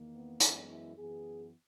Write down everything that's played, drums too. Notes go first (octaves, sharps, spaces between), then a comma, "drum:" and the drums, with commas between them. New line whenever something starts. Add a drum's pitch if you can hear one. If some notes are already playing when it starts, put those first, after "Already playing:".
Already playing: E2 D#3 A#3
B3
F#2 E3 G#3 B3, drum: hi-hat
E4
F#2 E3 B3 G#4